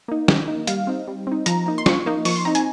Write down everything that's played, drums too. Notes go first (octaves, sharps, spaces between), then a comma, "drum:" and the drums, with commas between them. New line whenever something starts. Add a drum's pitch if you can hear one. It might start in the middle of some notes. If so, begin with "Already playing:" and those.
A#3 D#4
D#3, drum: snare
A#3 D#4
G3 F5, drum: hi-hat
C4 D#4
G3
C4 D#4
F3 A#5, drum: hi-hat
A#3 D#4
C6
F3 C#6, drum: snare
A#3 D#4
F3 C#6, drum: open hi-hat
C6
C4 D#4 A#5
G#5, drum: hi-hat